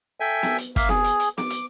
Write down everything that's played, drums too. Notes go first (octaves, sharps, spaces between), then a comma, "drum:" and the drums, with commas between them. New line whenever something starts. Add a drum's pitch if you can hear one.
A4 E5 G5 G#5
drum: snare B3
drum: hi-hat
A#3 E5 F5, drum: kick, hi-hat
G#4, drum: snare B3
drum: hi-hat
drum: hi-hat
D6, drum: snare B3
drum: hi-hat